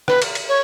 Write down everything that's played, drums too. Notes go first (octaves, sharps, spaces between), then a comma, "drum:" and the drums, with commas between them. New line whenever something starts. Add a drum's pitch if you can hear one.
B4, drum: rim click
drum: cymbal
drum: cymbal
C#5